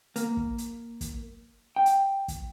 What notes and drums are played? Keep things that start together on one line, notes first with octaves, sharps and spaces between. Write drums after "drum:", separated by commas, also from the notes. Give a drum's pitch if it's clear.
A#3, drum: hi-hat
drum: kick
drum: hi-hat
drum: kick, hi-hat
G5
drum: hi-hat
drum: kick, hi-hat